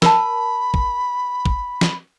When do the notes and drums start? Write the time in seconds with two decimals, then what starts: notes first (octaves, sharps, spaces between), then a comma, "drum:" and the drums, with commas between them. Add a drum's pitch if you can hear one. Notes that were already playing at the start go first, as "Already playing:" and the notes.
0.02 A#4 A5 B5, drum: snare
0.74 drum: kick
1.46 drum: kick
1.81 drum: snare